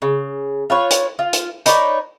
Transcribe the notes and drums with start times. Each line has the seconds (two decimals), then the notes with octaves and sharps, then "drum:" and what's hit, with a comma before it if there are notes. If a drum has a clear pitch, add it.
0.02 C#3
0.70 F4 B4 C#5
0.90 drum: hi-hat
1.19 F4
1.33 drum: hi-hat
1.66 D#4 B4 C#5 D5, drum: hi-hat